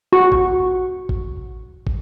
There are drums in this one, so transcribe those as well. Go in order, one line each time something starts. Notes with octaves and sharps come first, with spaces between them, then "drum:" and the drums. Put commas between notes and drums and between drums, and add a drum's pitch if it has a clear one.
F#4 C#6
drum: kick
drum: kick
drum: kick